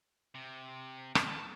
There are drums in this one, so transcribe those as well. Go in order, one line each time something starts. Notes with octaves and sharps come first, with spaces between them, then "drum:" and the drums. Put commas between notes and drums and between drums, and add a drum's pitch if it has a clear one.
C3
A5, drum: rim click